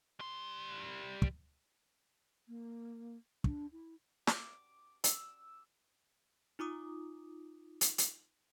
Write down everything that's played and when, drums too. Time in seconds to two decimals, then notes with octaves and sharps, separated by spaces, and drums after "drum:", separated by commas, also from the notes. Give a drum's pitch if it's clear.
0.20 G3 C6
1.22 drum: kick
2.47 A#3
3.44 D4, drum: kick
3.72 E4
4.27 D6, drum: snare
5.04 E6, drum: hi-hat
6.59 D#4 F4 D6 D#6
7.81 drum: hi-hat
7.98 drum: hi-hat